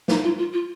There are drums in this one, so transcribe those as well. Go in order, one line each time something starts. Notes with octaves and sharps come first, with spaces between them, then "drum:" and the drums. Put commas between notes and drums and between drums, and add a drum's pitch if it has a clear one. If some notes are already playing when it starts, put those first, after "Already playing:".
D#4, drum: snare
F4
F4
F4